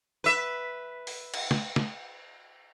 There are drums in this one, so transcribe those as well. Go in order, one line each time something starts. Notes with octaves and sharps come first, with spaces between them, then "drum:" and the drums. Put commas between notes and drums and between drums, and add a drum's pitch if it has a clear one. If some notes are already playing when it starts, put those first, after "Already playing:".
B4 E5
drum: open hi-hat
drum: cymbal
drum: snare
drum: snare